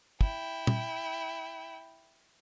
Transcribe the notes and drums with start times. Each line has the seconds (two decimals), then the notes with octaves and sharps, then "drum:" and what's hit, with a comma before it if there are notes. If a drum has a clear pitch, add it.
0.21 E4 G5, drum: kick
0.67 drum: tom A#2